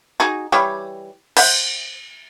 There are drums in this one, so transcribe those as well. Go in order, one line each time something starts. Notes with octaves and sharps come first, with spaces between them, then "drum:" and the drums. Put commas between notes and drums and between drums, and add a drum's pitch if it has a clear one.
D#4 F#4 G#4
E3 G3 C#5
C5 E5 F#5, drum: cymbal